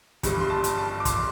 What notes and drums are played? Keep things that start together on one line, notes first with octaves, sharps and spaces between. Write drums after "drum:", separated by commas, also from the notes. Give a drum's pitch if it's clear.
G1 G2 G3, drum: kick, hi-hat
C6
A5
drum: hi-hat
A5
D6
C6, drum: kick, hi-hat